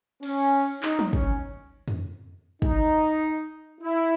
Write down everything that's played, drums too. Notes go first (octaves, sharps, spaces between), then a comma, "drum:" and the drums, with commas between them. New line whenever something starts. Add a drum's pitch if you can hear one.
C#4, drum: cymbal
D#4, drum: clap
drum: tom F3
C#4, drum: kick
drum: tom F2
D#4, drum: kick
E4